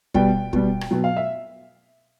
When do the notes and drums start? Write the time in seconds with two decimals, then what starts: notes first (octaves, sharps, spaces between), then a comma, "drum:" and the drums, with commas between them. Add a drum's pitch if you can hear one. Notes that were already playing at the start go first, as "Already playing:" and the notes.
0.14 B2 G3 G5, drum: kick
0.53 B2 G3, drum: kick
0.81 drum: rim click
0.91 B2 F#3
1.04 F5
1.17 E5